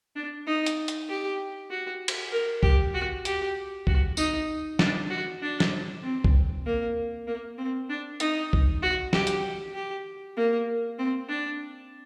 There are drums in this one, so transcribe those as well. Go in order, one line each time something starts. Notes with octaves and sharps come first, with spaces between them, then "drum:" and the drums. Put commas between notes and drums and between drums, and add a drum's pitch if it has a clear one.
D4
D#4
drum: hi-hat
drum: hi-hat
G4
F#4
drum: cymbal
A#4
G4, drum: kick C2
F#4
G4, drum: hi-hat
F#4, drum: kick C2
D#4, drum: tambourine
D4, drum: snare
F#4
D4
drum: snare
C4
drum: kick C2
A#3
A#3
C4
D4
D#4, drum: hi-hat
drum: kick C2
F#4
G4, drum: snare
drum: hi-hat
G4
A#3
C4
D4